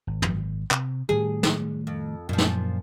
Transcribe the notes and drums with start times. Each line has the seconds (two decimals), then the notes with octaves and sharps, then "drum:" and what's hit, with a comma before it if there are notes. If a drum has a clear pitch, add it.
0.07 G#1
0.22 drum: tom
0.71 C3, drum: clap
1.09 A2 D#3 G3 G#4
1.43 drum: snare
1.87 F2
2.29 F#2 A#2 F3
2.38 drum: snare